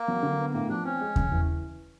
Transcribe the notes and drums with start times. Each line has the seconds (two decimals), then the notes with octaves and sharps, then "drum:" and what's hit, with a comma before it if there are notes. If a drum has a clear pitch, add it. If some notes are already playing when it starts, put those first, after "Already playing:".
Already playing: A#3
0.08 F#3
0.23 D3
0.39 B3
0.54 A2 A#3
0.69 F3 D4
0.85 C4 C#4
1.01 G#3
1.16 C#3, drum: kick E2
1.32 E3